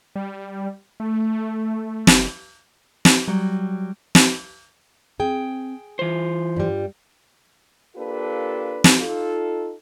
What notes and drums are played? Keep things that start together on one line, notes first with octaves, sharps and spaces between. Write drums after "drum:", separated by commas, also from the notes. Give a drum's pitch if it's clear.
G3
A3
F#1, drum: snare
drum: snare
F#3 G3
drum: snare
C4 G#4 G5
E3 F4 C5
G2 G3
A#3 D4 F4 G4 A4 B4
drum: snare
D#4 F4 A4